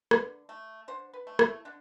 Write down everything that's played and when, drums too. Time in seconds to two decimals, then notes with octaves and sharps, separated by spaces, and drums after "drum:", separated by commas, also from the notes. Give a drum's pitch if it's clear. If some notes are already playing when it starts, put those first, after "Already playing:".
0.11 D3 B4, drum: rim click
0.49 A3
0.88 D3 C5
1.14 B4
1.27 A3
1.39 E4, drum: rim click
1.65 D3 D4